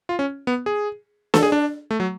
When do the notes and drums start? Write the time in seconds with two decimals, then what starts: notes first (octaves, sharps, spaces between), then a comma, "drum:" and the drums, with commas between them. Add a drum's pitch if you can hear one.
0.09 F4
0.19 C#4
0.47 B3
0.66 G#4
1.34 A4, drum: snare
1.43 G#4
1.52 D4
1.91 A3
2.00 F#3